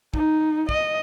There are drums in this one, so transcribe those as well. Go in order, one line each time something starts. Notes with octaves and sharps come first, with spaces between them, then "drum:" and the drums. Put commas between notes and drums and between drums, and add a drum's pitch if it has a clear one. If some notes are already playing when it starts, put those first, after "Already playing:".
D#4, drum: kick
D#5, drum: kick